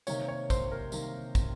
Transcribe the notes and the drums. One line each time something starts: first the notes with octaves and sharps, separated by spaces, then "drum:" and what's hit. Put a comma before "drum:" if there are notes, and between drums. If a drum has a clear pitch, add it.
C3 D#3 A#3 C#5, drum: tambourine
C#5
C5, drum: kick, tambourine
A#4
C3 D#3 A#3, drum: tambourine
drum: kick, tambourine